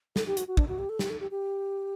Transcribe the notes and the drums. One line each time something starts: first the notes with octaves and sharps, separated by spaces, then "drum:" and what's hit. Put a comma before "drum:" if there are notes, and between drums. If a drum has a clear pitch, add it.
A4, drum: snare
G4
F#4, drum: hi-hat
F#4
D4, drum: kick
F#4
G4
A4
G4, drum: snare
A4
G4
G4